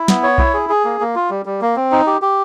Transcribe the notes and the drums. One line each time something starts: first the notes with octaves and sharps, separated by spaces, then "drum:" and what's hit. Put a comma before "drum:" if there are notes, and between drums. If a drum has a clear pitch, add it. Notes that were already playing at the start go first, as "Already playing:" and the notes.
Already playing: E4
B3, drum: snare
C#5
E4, drum: kick B1
G#4
G#4
A#3
A#3
F4
G3
G3
A#3
C4
D#4
G4
G4